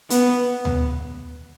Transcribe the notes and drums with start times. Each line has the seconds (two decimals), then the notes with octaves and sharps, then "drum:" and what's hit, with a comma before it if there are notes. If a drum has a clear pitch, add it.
0.10 B3, drum: hi-hat
0.65 drum: tom D2